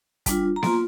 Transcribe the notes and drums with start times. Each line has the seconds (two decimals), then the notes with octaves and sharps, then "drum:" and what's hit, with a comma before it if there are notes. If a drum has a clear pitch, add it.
0.26 G3 D4 F4, drum: kick, hi-hat
0.56 A#5
0.63 A#3 F4 C6, drum: snare B3